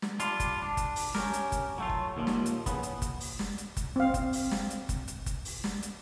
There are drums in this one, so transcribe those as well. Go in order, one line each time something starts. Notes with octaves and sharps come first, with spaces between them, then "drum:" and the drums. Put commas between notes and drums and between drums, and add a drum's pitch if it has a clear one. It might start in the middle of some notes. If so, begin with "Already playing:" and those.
drum: snare
G3 D4 F4, drum: hi-hat
drum: kick F#1, hi-hat
D4
drum: kick F#1, hi-hat
drum: open hi-hat
C#4 G4 A#4, drum: snare
drum: hi-hat
drum: kick F#1, hi-hat
F#3 A3 F4
drum: kick F#1
D#2 A#2 F3
drum: snare
drum: hi-hat
E2 C#3 B3, drum: kick F#1, hi-hat
drum: hi-hat
drum: kick F#1, hi-hat
drum: open hi-hat
drum: snare
drum: hi-hat
drum: kick F#1, hi-hat
C4 F5
drum: kick F#1, hi-hat
drum: open hi-hat
drum: snare
drum: hi-hat
drum: kick F#1, hi-hat
drum: hi-hat
drum: kick F#1, hi-hat
drum: open hi-hat
drum: snare
drum: hi-hat